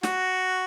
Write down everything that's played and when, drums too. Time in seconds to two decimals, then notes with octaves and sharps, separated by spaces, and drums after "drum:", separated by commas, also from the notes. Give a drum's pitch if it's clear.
0.03 F#4, drum: snare